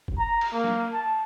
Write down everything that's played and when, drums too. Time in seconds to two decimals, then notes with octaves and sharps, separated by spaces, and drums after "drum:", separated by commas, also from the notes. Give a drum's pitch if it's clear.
0.08 drum: kick F1
0.19 A#5
0.41 drum: cymbal
0.53 A#3
0.64 drum: snare
0.93 A5